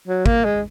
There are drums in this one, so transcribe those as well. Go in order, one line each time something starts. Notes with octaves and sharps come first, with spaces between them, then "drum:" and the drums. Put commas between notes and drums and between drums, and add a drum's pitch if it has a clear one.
F#3
A#3, drum: kick
G#3